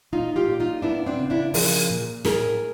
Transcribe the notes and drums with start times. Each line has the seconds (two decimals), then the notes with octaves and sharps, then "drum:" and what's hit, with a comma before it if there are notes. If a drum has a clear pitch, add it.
0.12 A#2 D#4 F4
0.36 F4 G4
0.48 A#2
0.60 D#4 F4
0.82 B3 D4 E4
1.06 C4 D4
1.19 C#3
1.30 D4 E4
1.54 F3 G#4 A#4, drum: open hi-hat
1.90 A#2
2.25 A2 G#4 A#4, drum: snare